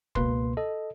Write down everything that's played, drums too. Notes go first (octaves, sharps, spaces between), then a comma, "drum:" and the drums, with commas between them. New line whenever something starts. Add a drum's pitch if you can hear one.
C#2 B2 A#3 B4 C6, drum: kick
A4 D#5